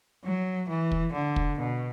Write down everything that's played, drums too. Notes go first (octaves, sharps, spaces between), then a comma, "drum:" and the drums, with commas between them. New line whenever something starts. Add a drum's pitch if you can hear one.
F#3
E3
drum: kick
D3
drum: kick
B2